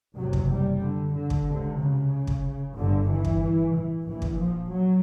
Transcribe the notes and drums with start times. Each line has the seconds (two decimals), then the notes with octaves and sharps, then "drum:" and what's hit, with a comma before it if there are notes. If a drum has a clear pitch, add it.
0.17 F#1 E2 C3 F#3
0.33 drum: kick
0.49 G3
0.82 D3
1.14 D3
1.30 drum: kick
1.47 C#2 C3
1.79 C#3
2.27 drum: kick
2.76 G1 G2 D3
3.08 E3
3.25 drum: kick
3.73 E3
4.06 A#1 A#2 E3
4.22 drum: kick
4.38 F3
4.71 F#3